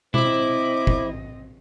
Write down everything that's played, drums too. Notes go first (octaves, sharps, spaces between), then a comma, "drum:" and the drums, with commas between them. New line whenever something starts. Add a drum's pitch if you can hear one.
C4 E4 C5 D#5 D6, drum: tom B2
drum: kick